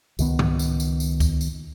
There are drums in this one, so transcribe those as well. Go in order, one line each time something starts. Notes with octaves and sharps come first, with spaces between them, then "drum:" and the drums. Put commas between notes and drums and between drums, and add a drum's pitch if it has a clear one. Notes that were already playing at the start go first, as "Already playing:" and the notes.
C#2 D#3 B3, drum: tambourine
drum: tom G#2
drum: tambourine
drum: tambourine
drum: tambourine
drum: kick D2, tambourine
drum: tambourine